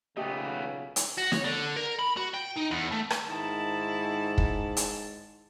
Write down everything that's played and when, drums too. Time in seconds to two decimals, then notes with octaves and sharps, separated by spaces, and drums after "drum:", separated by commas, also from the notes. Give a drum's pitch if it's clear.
0.17 B1 A#2 C#3 A3 B3 G4 D#5
0.96 drum: hi-hat
1.18 F#4
1.32 C#5, drum: snare
1.44 D3
1.76 A#4
1.99 B5
2.17 F#4
2.34 G5
2.56 D#4
2.71 E2
2.92 A3
3.10 drum: rim click
3.25 G#2 D#3 E4 A5
4.38 drum: kick
4.77 drum: hi-hat